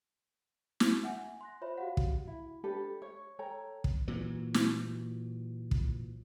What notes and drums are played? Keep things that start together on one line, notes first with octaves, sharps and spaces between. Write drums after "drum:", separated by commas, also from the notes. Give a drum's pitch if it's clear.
drum: snare
E5 F#5 G#5
C6 F#6 A#6
F4 C5 C#5 E5 B5
F#4 G4 F5 F#5
drum: kick
E4
D4 G4 A4 B4
C#5
A4 C#5 G5 A#5
drum: kick
A#2 E3 F#3
drum: snare
drum: kick